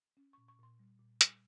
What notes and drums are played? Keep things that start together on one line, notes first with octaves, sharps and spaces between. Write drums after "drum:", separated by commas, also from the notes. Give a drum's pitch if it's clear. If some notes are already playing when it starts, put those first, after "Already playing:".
C#4
A#2 C#6
C#6
A#2 C6
G3
A#2
G3, drum: hi-hat